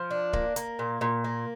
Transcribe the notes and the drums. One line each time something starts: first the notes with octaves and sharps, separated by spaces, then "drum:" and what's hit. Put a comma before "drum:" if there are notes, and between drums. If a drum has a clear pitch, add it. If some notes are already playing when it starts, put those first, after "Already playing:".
Already playing: F3
D4
A#3, drum: kick D1
A#3, drum: hi-hat
A#2
A#2
A#3